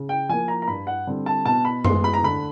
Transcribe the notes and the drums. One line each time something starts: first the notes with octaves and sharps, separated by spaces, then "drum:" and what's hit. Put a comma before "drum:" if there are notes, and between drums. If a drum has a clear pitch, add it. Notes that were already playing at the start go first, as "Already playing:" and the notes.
Already playing: C#3
G5
F3 A#3 G#5
A#5
A#5
G2 B5
F#5
D3 G3 C4
A5
B2 A5
B5
G#3 B3 C6, drum: tom F#2
B5
A#5
D3 B5